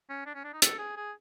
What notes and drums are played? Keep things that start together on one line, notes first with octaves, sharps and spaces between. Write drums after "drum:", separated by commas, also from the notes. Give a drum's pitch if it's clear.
C#4
D4
C#4
D4
D#4
A4, drum: hi-hat
G#4
G#4